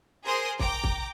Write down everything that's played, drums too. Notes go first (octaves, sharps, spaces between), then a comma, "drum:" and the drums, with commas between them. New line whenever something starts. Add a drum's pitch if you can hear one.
G#4 A#4 C5 C6 D#6
G5 A#5 D6, drum: kick
drum: kick